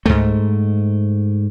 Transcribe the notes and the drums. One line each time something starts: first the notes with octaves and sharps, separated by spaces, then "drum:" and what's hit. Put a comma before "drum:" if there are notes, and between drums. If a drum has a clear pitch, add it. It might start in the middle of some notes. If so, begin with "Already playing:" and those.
G#2 A3, drum: tom